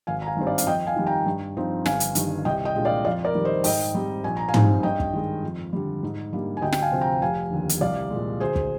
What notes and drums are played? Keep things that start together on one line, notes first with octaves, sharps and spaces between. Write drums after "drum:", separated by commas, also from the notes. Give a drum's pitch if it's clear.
G#1 F5 G#5
A#5
F5 G#5
G2 D#3 G3 C4
D5 F5
F5, drum: hi-hat
F2 D#5 G5
F5 G#5
D#3 G3
G5 A#5
G2
F3 C4 D#4
G1 F5 G#5, drum: snare
drum: hi-hat
G2 D#3, drum: hi-hat
C2 D#5 G5
D#5 G5
A#2 G#3 D4
D5 F5
F2 D5 F5
A#4 D5
D#3 G3
C5 D#5
G#2 D#5 G5, drum: open hi-hat
G3 C4 D#4
A#1 G#5
A#5
F5 G#5
G#2 G3 C4 D#4, drum: tom
G2 D#5 G5
drum: kick
D#3 G#3
F2
D3 G3
G#2
G3 A#3 D4
G#5
D2 D#5 G5
G5, drum: snare
F5 G#5
C3 F3 C4
G5 A#5
F1 F5 G#5
D#2 D3
drum: hi-hat
C2 D5 F5
A#2 G#3
D2 G#4 C5
drum: kick